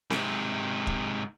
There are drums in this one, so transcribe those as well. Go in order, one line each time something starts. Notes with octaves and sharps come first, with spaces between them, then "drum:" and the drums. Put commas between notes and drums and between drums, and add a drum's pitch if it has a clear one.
G#2 C3, drum: snare C4
drum: kick